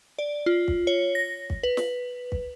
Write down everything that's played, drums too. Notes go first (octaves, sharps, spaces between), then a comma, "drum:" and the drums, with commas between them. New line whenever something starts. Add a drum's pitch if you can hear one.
D5
F4
drum: kick
C#5
A#6
drum: kick
B4
drum: snare
drum: kick